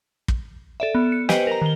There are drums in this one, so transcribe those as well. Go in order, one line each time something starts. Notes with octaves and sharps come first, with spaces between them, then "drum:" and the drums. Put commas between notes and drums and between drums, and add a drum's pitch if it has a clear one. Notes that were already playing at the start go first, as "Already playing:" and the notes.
drum: kick
A4 D5 E5
B3
C#7
G4 B4 C5 D#5 G5 G#5, drum: snare
A#4 A#5
D#3 G7